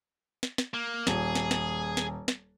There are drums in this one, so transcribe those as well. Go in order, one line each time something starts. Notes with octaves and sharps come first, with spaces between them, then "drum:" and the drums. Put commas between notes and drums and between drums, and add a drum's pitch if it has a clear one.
drum: snare
drum: snare
A#3
D#1 G#4, drum: snare
drum: snare
drum: snare
drum: snare
drum: snare